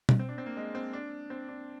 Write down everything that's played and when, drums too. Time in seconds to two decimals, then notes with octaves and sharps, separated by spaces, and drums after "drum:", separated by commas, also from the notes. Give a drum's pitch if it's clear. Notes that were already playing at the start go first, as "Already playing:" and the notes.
0.09 drum: tom B2
0.19 C4
0.29 D4
0.38 C4
0.46 A#3
0.57 G#3
0.75 C4
0.93 D4
1.30 C4
1.48 D4